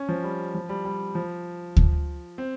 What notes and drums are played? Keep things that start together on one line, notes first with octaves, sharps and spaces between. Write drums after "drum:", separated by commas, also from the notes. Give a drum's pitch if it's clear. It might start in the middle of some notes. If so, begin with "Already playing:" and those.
Already playing: C#4
F3
G3
F3
G3
G3
F3
drum: kick D2
C4